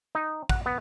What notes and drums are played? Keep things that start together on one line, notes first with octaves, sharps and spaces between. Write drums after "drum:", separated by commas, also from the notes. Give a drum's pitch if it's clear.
D#4
F#5, drum: kick
B3